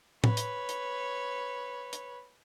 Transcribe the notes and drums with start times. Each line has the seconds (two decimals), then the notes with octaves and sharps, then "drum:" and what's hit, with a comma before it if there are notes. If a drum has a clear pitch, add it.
0.24 B4 C#5, drum: tom
0.37 drum: hi-hat
0.69 drum: hi-hat
1.93 drum: hi-hat